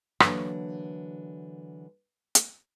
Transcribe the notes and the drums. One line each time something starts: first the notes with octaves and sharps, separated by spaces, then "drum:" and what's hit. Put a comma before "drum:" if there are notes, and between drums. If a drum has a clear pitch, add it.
D3 E3 F#3 A#3 D4, drum: rim click
drum: hi-hat